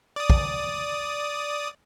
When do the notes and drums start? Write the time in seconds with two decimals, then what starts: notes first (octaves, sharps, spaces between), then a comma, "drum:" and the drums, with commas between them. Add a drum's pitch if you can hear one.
0.16 D5 D#6
0.30 drum: kick